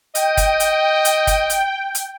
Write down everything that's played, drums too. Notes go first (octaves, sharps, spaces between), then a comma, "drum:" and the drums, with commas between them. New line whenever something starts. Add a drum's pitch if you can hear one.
D#5 G5, drum: hi-hat
drum: kick, hi-hat
drum: hi-hat
drum: hi-hat
drum: kick, hi-hat
drum: hi-hat
drum: hi-hat